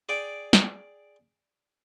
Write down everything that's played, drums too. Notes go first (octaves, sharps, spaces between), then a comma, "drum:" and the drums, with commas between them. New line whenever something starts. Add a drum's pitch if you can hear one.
G#4 D5 G5
drum: snare